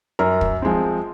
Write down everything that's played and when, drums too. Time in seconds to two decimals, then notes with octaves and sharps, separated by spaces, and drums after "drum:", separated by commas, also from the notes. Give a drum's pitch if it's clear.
0.19 F#2 A#4 A#5
0.41 drum: kick
0.62 F3 G#3 C4